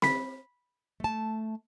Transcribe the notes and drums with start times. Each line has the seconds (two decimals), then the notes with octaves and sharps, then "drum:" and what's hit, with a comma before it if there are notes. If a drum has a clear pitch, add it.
0.02 B5 B6, drum: snare C4
1.00 A3 A5